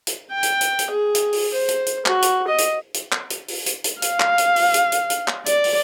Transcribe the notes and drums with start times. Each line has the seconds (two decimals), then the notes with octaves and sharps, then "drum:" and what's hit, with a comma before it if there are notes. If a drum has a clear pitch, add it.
0.07 drum: hi-hat
0.32 G5
0.43 drum: hi-hat
0.61 drum: hi-hat
0.79 drum: hi-hat
0.91 G#4
1.15 drum: hi-hat
1.33 drum: open hi-hat
1.54 C5
1.69 drum: hi-hat
1.86 drum: hi-hat
2.06 F#4, drum: clap
2.22 drum: hi-hat
2.47 D#5
2.58 drum: hi-hat
2.94 drum: hi-hat
3.12 drum: clap
3.30 drum: hi-hat
3.48 drum: open hi-hat
3.66 drum: hi-hat
3.84 drum: hi-hat
4.02 F5, drum: hi-hat
4.20 drum: clap
4.38 drum: hi-hat
4.56 drum: open hi-hat
4.74 drum: hi-hat
4.92 drum: hi-hat
5.10 drum: hi-hat
5.28 drum: clap
5.46 D5, drum: hi-hat
5.64 drum: open hi-hat